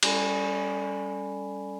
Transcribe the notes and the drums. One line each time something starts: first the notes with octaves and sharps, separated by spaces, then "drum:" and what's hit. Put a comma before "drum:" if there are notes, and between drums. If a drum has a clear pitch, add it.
G3 C#4 A4 D5 G#5 B5, drum: cymbal